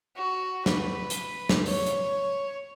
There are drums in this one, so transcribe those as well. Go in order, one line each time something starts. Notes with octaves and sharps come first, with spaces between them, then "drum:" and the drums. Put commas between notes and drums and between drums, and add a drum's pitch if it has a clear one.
F#4
B4, drum: snare
drum: hi-hat
drum: snare
C#5, drum: open hi-hat
drum: hi-hat